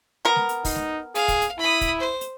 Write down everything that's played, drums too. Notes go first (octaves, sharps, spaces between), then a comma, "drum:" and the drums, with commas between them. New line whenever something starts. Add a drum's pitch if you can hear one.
B3 A#4
drum: snare G#3
drum: hi-hat
D#4, drum: kick, open hi-hat
drum: snare G#3
G#4 F5, drum: hi-hat
drum: kick, hi-hat
drum: hi-hat
E4 B5 D#6
drum: kick, hi-hat
C5
drum: hi-hat